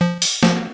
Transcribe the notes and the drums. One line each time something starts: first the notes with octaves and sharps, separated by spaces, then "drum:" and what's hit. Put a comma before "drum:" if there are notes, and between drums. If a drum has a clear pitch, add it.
F3
drum: open hi-hat
F3, drum: snare